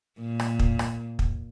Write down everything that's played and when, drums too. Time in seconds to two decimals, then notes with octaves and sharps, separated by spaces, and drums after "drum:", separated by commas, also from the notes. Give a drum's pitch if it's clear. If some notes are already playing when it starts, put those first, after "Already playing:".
0.20 A#2
0.40 drum: rim click
0.59 drum: kick
0.79 drum: rim click
1.19 drum: kick